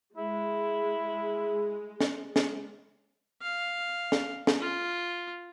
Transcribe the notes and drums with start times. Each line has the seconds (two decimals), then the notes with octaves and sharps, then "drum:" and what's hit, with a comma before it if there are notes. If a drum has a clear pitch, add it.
0.17 G#3 E4
2.01 drum: snare
2.36 drum: snare
3.42 F5
4.12 drum: snare
4.47 drum: snare
4.61 F4